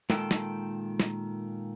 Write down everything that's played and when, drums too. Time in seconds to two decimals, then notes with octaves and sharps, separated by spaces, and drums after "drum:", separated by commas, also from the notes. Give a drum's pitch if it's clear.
0.10 A#2 D#3 G#3 A4 G5 A5, drum: snare
0.31 drum: snare
1.00 drum: snare